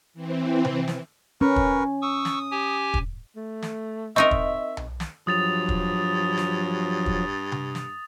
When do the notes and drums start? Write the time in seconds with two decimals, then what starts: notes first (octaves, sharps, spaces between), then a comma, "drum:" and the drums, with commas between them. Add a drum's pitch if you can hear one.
0.14 E3 C4
0.65 drum: tom C3
0.88 drum: snare
1.41 C#4 A#4 B4 C#6
1.56 drum: kick
2.02 C#6 D#6 E6
2.25 drum: snare
2.51 G4 G#5
2.94 drum: kick
3.36 A3
3.62 drum: snare
4.16 C4 D#4 A#4 D#5 E5 C#6
4.31 drum: kick
4.77 drum: tom B1
5.00 drum: snare
5.27 G2 F3 F#3 D#6 A6 F7
5.69 drum: kick
6.37 drum: snare
7.06 drum: kick
7.52 drum: tom C3
7.75 drum: snare